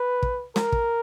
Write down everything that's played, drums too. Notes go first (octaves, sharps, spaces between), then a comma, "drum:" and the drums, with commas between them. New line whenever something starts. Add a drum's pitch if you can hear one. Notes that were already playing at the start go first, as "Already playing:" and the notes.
Already playing: B4
drum: kick
A#4, drum: snare
drum: kick